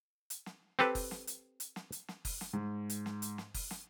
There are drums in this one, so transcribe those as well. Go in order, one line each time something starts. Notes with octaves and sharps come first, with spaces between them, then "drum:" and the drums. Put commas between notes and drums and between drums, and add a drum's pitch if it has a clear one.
drum: hi-hat
drum: snare
C4 G4 A4 B4, drum: snare
drum: kick F#1, open hi-hat
drum: snare
drum: hi-hat
drum: hi-hat
drum: snare
drum: hi-hat
drum: snare
drum: kick F#1, open hi-hat
drum: snare
G#2
drum: hi-hat
drum: snare
drum: hi-hat
drum: snare
drum: kick F#1, open hi-hat
drum: snare